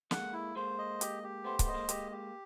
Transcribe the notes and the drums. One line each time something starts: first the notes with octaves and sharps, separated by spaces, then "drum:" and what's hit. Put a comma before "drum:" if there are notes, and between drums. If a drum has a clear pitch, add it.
G#3 A#3 F#5, drum: snare
E4
G#3 A#3 C5
D#5
G4, drum: hi-hat
G4
A3 B3 C5
A3 B3, drum: kick C#1, hi-hat
D#5
G#3 A#3
G#3 A#3 G4, drum: hi-hat
G4